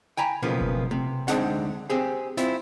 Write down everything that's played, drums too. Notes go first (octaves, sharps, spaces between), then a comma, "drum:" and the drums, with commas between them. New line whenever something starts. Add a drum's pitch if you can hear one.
G5 G#5 A#5 B5
B1 C#3 F3 A#3 B3
drum: kick F#1
C3, drum: tom A3
D2 G#3 C4 D4 D#4 F#5, drum: snare
C4 G4 G#4
C4 E4 F4, drum: snare